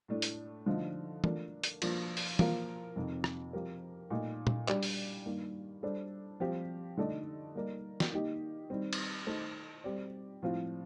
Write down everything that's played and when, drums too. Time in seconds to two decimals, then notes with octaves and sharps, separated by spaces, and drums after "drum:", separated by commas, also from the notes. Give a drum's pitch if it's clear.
0.08 A2 A3 D4
0.22 drum: hi-hat
0.66 D3 F3 A3 D#4
1.24 A3 D4 F4 A#4, drum: tom
1.64 drum: hi-hat
1.82 F3 A#3 D4 F4, drum: cymbal
2.17 drum: open hi-hat
2.39 F3 A#3 F4 A#4, drum: tom
2.96 F2 C3 D#3
3.24 drum: rim click
3.53 F3 C4 G4 A#4
4.10 A#2 A3 D#4
4.47 drum: tom A#2
4.68 G3 D4 G4 D5, drum: clap
4.83 drum: open hi-hat
5.25 G2 D#3 A#3
5.83 G3 D4 A4 C5
6.40 F3 C4 G4
6.97 D3 A3 D#4 A4 D5
7.55 G3 A#3 D#4 A#4 D5
8.00 drum: snare
8.12 D#3 A#3 D#4 G4
8.70 D#3 G3 C4
8.93 drum: cymbal
9.27 D#3 A3 D#4 A4 C5
9.84 G3 C4 G4 D5
10.42 A2 F3 C4 F4